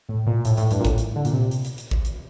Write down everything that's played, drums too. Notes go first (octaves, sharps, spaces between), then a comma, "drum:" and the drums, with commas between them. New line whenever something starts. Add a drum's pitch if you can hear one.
A2
A#2
A2, drum: hi-hat
A2, drum: hi-hat
G2, drum: hi-hat
A#2
A2, drum: kick, hi-hat
drum: hi-hat
D3
A#2, drum: hi-hat
C3
drum: hi-hat
drum: hi-hat
drum: hi-hat
drum: kick
drum: hi-hat